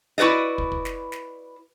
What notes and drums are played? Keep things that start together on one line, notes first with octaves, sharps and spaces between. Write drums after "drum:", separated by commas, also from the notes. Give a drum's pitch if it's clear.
E4 F#4 B4 D5 D#5
drum: kick
drum: kick
drum: snare
drum: snare